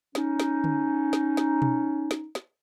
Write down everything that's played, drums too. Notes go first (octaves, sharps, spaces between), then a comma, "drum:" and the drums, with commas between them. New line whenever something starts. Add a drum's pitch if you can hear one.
C#4 D#4, drum: snare
drum: snare
drum: tom D3
drum: snare
drum: snare
drum: tom B2
drum: snare
drum: snare